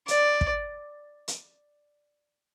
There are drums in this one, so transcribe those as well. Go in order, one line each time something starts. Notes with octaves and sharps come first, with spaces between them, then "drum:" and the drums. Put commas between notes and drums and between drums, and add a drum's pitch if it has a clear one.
D5, drum: hi-hat
drum: kick
drum: hi-hat